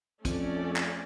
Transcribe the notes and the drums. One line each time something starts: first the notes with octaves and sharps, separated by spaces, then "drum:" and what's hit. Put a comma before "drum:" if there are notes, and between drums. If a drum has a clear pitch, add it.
F2 A3 C#4 D5, drum: kick, hi-hat
drum: clap